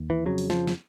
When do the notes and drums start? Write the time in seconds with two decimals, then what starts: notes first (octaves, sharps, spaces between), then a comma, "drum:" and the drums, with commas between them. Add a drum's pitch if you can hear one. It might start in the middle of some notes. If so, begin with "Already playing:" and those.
Already playing: D#2
0.10 E3
0.25 F2 C#3 F#3
0.38 drum: open hi-hat
0.50 F3, drum: snare
0.67 drum: snare